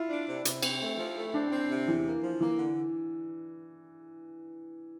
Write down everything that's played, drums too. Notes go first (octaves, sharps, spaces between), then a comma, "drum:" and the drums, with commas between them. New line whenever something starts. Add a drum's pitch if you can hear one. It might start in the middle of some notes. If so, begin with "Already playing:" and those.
Already playing: E4 F4
D4
C3
C3, drum: hi-hat
C4, drum: cymbal
A3
F3
A3
C4 D4
C4
C3
E2 E3
A#3
F3
E3 A#3
D3